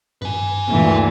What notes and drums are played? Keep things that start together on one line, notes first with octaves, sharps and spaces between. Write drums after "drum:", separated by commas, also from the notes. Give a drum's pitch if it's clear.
B4 G#5, drum: tom G2
D2 A#2 E3, drum: tom G2